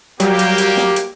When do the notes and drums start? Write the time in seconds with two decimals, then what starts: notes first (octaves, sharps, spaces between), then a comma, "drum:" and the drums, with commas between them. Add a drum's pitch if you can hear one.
0.20 F#3 G3 A#3 G4, drum: hi-hat
0.39 drum: hi-hat
0.58 drum: hi-hat
0.77 drum: snare
0.96 drum: hi-hat